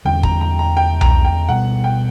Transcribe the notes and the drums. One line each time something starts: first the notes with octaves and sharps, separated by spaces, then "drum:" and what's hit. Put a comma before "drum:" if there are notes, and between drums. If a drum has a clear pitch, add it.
E2 D3 G3 C#4 G5
A#5, drum: kick
A#5
A#5
G5
A#5, drum: tom B1
G5
B2 G3 B3 F#5
G5